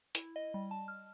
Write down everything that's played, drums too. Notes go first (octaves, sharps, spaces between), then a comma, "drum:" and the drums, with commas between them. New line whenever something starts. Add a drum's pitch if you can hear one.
E4, drum: hi-hat
D#5
G3
A5
F6